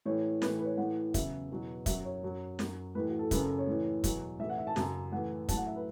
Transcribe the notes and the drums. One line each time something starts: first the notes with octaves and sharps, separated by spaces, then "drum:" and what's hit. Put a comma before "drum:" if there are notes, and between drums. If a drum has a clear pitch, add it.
A2 E3 C#5
A2 E3 B4, drum: snare
B4
C#5
A2 E3 F#5
E2 C#3 F#3 E5, drum: kick, hi-hat
E2 B2 F#3
F#2 F#3 E5, drum: kick, hi-hat
C#5
F#2 F#3
F#2 F#3, drum: snare
A2 E3 B4
F#4
A4
F#2 C#3 F#3 B4, drum: kick, hi-hat
A4
C#5
A2 E3
E2 B2 F#3, drum: kick, hi-hat
A2 E5
E3
F#5
E5
A5
F#2 C#3 F#3, drum: snare
A2 E3 F#5
A2 F#3 A5, drum: kick, hi-hat
F#5
E5
B4